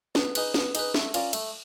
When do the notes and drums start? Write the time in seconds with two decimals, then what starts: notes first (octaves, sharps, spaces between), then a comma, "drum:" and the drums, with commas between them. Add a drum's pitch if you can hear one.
0.15 B3, drum: snare
0.35 D#4 G#4 B4, drum: cymbal
0.54 B3, drum: snare
0.75 D#4 G#4 B4, drum: cymbal
0.94 A3, drum: snare
1.14 C#4 F4 A#4 D5, drum: cymbal
1.33 A3, drum: cymbal